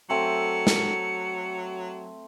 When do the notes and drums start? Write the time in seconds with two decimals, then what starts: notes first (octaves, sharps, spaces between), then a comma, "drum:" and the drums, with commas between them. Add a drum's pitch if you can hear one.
0.10 F#3 A3 C4 C#7
0.67 drum: snare